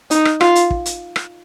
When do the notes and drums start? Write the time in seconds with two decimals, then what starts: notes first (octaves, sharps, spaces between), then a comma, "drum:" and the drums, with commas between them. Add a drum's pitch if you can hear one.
0.11 D#4, drum: hi-hat
0.25 drum: rim click
0.41 F4, drum: rim click
0.55 drum: hi-hat
0.71 drum: kick
0.86 drum: hi-hat
1.16 drum: rim click